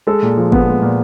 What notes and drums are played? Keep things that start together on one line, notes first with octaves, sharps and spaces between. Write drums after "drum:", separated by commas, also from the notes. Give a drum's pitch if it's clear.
G#3 A4
A#2
F3
B3, drum: kick
G#3
A#2